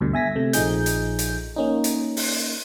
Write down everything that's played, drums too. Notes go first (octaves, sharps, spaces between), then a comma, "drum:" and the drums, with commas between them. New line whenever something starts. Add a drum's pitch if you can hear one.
D2 G2 B2 D3
E5 G#5 A#6 B6
C3 A3
A#1 F3 D#4 G#4 G6, drum: hi-hat
drum: hi-hat
drum: hi-hat
A#3 C#4 D#4
drum: hi-hat
drum: open hi-hat